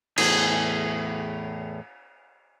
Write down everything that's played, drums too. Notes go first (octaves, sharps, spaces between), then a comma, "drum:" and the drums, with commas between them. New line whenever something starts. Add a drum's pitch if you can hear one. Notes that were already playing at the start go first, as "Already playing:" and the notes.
E2 A2 G#4, drum: cymbal